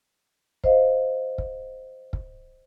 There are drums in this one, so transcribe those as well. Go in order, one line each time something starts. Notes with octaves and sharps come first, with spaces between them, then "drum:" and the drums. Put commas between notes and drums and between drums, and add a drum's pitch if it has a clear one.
C5 D#5 F5, drum: kick
drum: kick
drum: kick